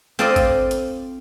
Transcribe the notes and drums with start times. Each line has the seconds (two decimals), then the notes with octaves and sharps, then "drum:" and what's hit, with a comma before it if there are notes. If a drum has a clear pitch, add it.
0.19 C4 F4 A4 C5 D5 D#5
0.36 drum: kick G#1, hi-hat
0.71 drum: hi-hat